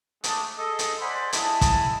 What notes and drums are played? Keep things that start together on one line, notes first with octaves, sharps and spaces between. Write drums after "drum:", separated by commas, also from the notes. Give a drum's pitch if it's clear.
G#3 A3 D4 A5 D6 D#6, drum: hi-hat
G#4 A4 D#5
drum: hi-hat
C5 D5 F#5 G#5 B5 C6
G#3 E4 G#4 D#5 A5, drum: hi-hat
drum: kick, hi-hat